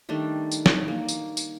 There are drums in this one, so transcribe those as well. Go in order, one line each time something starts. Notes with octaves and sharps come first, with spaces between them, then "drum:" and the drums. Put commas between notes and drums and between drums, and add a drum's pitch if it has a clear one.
D#3 G3 A3 D4
drum: tambourine
drum: snare
A#3
drum: tambourine
drum: tambourine